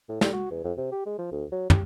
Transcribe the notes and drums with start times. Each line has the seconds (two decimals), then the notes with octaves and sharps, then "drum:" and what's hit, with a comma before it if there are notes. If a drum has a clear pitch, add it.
0.09 A2
0.21 G3, drum: snare
0.33 F#4
0.51 E2
0.64 F2
0.78 C3
0.92 G4
1.06 G#3
1.19 F3
1.32 D2
1.52 F#3
1.70 G4, drum: tom